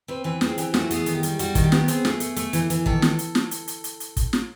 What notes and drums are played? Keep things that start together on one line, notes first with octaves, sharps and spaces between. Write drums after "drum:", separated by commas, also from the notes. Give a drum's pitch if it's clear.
C4 B4
E3 B4
C4 G#4, drum: snare
E3 G4, drum: hi-hat
A3 F#4, drum: snare
B3 G#4, drum: hi-hat
D#3, drum: hi-hat
G4
G3, drum: hi-hat
G3 F#4, drum: hi-hat
D#3, drum: kick, hi-hat
G4
B3, drum: snare
C4 G#4, drum: hi-hat
A3, drum: snare
A3, drum: hi-hat
A3, drum: hi-hat
E3, drum: hi-hat
E3, drum: hi-hat
D#3 A4, drum: kick
drum: snare
drum: hi-hat
drum: snare
drum: hi-hat
drum: hi-hat
drum: hi-hat
drum: hi-hat
drum: kick, hi-hat
drum: snare